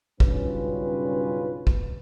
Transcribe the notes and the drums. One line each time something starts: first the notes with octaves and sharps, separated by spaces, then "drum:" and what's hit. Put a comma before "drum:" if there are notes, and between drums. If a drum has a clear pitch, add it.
B1 G2 C#3 C#4 F4 B4, drum: kick
drum: kick